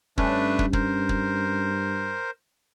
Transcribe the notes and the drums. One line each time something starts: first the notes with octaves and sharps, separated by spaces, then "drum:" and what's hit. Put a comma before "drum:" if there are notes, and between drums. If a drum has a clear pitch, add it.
G2 A3 C#4 D4 B4, drum: kick
drum: kick
A#4 C5, drum: kick
drum: kick